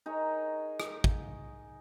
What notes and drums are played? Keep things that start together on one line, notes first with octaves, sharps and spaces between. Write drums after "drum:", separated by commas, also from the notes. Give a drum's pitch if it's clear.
D#4 G#4 A#4 C#5
drum: rim click
drum: kick